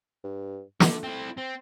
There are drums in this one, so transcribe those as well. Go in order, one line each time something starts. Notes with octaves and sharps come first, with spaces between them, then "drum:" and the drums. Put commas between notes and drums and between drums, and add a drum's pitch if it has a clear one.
G2
D3 A3, drum: snare
C4 E4
C4 C5